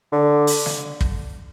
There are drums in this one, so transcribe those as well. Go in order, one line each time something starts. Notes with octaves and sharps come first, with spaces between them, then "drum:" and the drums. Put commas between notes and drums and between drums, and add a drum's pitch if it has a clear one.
D3
drum: open hi-hat
drum: snare
drum: kick